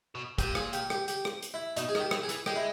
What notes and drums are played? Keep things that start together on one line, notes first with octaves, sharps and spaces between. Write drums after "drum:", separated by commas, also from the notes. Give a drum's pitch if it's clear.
B2
A#2 G4, drum: kick, hi-hat
G#4, drum: rim click
G4, drum: hi-hat
G4, drum: rim click
G4, drum: hi-hat
drum: rim click
drum: hi-hat
E4
B2 D#4, drum: hi-hat
G#4
D#3, drum: rim click
G4
E3, drum: rim click
G#4
E3, drum: hi-hat
G#3 G4, drum: rim click
E4